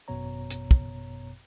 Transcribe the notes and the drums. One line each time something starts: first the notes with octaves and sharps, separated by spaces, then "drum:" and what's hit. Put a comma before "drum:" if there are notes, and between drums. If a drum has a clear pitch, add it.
G#1 F#2 B2 B3 C#5 A#5
drum: hi-hat
drum: kick